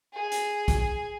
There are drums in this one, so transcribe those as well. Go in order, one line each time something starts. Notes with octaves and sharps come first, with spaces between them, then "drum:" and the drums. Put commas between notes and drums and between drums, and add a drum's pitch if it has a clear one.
G#4
drum: hi-hat
drum: kick, hi-hat